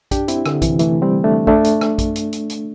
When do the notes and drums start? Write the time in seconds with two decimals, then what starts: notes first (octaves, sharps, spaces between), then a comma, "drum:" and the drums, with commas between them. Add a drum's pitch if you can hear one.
0.11 D4 G4, drum: kick, hi-hat
0.28 C4 E4, drum: hi-hat
0.46 D3, drum: rim click
0.62 C3 E3, drum: kick, hi-hat
0.79 E3 A3, drum: hi-hat
1.02 G3 C4
1.24 A3 D4
1.47 A3 D4, drum: kick
1.64 drum: hi-hat
1.81 drum: rim click
1.98 drum: kick, hi-hat
2.15 drum: hi-hat
2.33 drum: hi-hat
2.50 drum: hi-hat